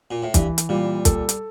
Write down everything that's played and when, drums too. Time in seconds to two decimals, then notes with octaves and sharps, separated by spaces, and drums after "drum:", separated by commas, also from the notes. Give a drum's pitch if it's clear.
0.11 A#2
0.23 A2
0.34 G2 E3, drum: kick, hi-hat
0.58 drum: hi-hat
0.69 A#2 G3
1.05 A4, drum: kick, hi-hat
1.29 drum: hi-hat